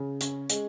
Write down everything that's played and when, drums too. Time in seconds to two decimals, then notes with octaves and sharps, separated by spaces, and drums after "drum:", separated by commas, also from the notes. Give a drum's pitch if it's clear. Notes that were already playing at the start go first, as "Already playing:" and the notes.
Already playing: C#3
0.21 C#4, drum: hi-hat
0.50 G#3, drum: hi-hat